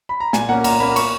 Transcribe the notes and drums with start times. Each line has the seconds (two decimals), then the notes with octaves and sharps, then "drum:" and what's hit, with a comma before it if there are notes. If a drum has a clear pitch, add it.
0.09 B5
0.20 A#5
0.33 A#2 G#5, drum: snare
0.49 A#3 C#4 F#5
0.64 A#2 A#5, drum: cymbal
0.80 A#3 C#4 B5
0.96 C#6, drum: cymbal